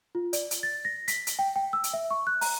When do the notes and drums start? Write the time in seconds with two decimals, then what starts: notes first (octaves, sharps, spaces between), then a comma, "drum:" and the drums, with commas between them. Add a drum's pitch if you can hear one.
0.15 F4
0.33 D5, drum: hi-hat
0.51 drum: hi-hat
0.63 A6
0.85 A#6
1.08 B6, drum: hi-hat
1.27 drum: hi-hat
1.39 G5
1.56 G5
1.73 E6
1.84 drum: hi-hat
1.93 E5
2.11 C#6
2.27 F#6
2.41 A#5, drum: open hi-hat